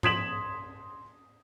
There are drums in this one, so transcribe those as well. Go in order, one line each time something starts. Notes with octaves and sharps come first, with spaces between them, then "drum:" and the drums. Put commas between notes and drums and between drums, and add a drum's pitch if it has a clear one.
C6 D#6 G#6 B6 E7 F#7, drum: tom G#2